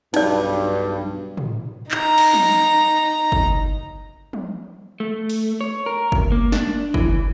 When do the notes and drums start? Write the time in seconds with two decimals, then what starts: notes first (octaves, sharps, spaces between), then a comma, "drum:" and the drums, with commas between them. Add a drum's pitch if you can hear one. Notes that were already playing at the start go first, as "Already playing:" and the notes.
0.14 B1 G2 D#4 D5, drum: cymbal
1.37 drum: tom
1.91 D#4 A#5, drum: clap
2.18 drum: cymbal
2.33 drum: tom
3.32 drum: kick
4.33 drum: tom
5.00 A3
5.29 drum: open hi-hat
5.61 C#5
5.86 A#4
6.12 drum: kick
6.32 A#3
6.52 D4, drum: snare
6.94 E3, drum: kick